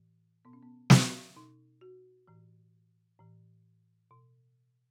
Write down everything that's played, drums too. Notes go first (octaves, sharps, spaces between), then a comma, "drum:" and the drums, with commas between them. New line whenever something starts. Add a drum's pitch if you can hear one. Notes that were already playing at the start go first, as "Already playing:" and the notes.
Already playing: A2 E3
B2 B3
C#4
B3
C#4, drum: snare
B2 D#4
F#4
A2 E3
A2 E3
B2